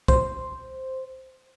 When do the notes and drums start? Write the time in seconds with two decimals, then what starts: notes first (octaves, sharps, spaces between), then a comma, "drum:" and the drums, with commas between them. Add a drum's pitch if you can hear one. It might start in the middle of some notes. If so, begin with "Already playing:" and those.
0.08 C5, drum: kick B1